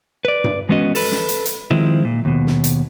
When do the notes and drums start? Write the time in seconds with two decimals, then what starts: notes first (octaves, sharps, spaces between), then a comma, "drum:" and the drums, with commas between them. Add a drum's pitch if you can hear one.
0.25 B4 D5
0.44 drum: tom G2
0.69 E3 G#3 B3 C#4 F#4 D#5
0.95 A4 B4, drum: open hi-hat
1.12 drum: snare
1.29 drum: hi-hat
1.45 drum: hi-hat
1.71 D#3 F3 G#3 C4 E4
2.05 A#2
2.25 D#2 B2
2.47 drum: snare
2.64 drum: hi-hat